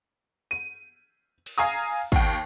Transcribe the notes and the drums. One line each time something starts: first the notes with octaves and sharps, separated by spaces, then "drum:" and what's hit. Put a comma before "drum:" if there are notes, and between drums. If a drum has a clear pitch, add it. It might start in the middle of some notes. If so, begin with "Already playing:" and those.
D#7
drum: cymbal
F5 G#5 A#5 D#6
D#2 G5, drum: kick